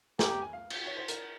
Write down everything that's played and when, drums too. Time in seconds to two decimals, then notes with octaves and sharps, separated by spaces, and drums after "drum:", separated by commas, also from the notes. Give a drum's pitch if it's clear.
0.19 G4 G#5, drum: snare
0.31 A#5
0.42 G#5
0.53 F5
0.70 drum: cymbal
0.86 C#5
0.97 C5
1.08 A#4, drum: hi-hat